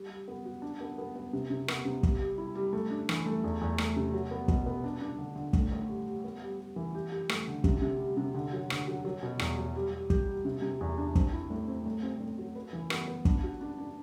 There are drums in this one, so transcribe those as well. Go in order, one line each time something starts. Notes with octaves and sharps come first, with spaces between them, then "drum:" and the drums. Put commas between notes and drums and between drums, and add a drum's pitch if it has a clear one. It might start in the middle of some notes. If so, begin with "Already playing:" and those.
Already playing: G3
G3
B3
F#4
D4
B3
B3
B3
C3
C3
B3, drum: rim click
C3
G3, drum: kick
G3
E4
G3
A3
D4
E3, drum: rim click
A3
E2
E2
A3, drum: rim click
C3
F#3
B3
B2, drum: kick
B3
D4
D4
D3
D3
A2, drum: kick
A2
G3
G3
B3
G3
G3
E3
G4
G4
A3, drum: rim click
D3
C3, drum: kick
C3
G3
C3
D3
F#3
D3, drum: rim click
F#3
F#3
B2
E2, drum: rim click
F#3
G3
G3
G4, drum: kick
G3
C3
C3
E2
D4
C4, drum: kick
E4
A2
C4
A2
C4
A2
F#3
B4
E3
B3, drum: rim click
B4
D4, drum: kick
F#4
D4
D4